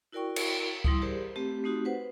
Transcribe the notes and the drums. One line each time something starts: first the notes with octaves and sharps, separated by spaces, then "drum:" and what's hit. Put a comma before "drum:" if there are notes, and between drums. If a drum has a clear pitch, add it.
E4 F#4 A#4 D5 G5 C#6
drum: cymbal
G3 E4 C6 D#6, drum: kick C#2
G4 G#4 A#4 C5 D5
A3 C4 G4
A3 C4 D#4 F#4 G4
B4 C5 F#5